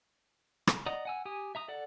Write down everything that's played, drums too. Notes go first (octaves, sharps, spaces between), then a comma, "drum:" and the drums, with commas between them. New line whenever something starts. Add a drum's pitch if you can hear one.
drum: rim click
D5 D#5 F#5 A#5 D#6
F#5 G#5 E6
G4 G#5 D#6
E5 A#5 D#6
A4 D5 F#5